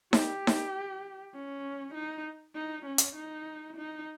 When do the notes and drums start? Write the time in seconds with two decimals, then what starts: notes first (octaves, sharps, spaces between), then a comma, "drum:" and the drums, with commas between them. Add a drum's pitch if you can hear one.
0.13 G4, drum: snare D#4
0.47 drum: snare D#4
1.34 C#4
1.94 D#4
2.55 D#4
2.85 C#4
2.98 drum: hi-hat
3.16 D#4
3.76 D#4